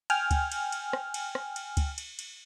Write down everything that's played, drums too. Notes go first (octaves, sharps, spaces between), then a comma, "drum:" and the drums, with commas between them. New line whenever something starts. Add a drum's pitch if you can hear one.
G5 G#5 F6, drum: cymbal
drum: kick C#2, cymbal
drum: cymbal
drum: cymbal
drum: rim click
drum: cymbal
drum: rim click
drum: cymbal
drum: kick C#2, cymbal
drum: cymbal
drum: cymbal